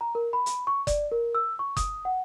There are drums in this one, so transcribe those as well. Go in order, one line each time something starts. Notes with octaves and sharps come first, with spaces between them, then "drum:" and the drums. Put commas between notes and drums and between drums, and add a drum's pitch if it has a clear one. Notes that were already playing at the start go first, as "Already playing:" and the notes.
A#5
A#4
B5
drum: hi-hat
C#6
D5, drum: kick F#1, hi-hat
A#4
E6
C#6
D#6, drum: kick F#1, hi-hat
F#5